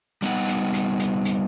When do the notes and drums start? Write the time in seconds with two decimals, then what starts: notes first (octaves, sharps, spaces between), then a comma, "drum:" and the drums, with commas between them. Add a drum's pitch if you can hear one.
0.22 G3 B3 D#4 F#5, drum: hi-hat
0.48 drum: hi-hat
0.74 drum: hi-hat
0.99 drum: hi-hat
1.25 drum: hi-hat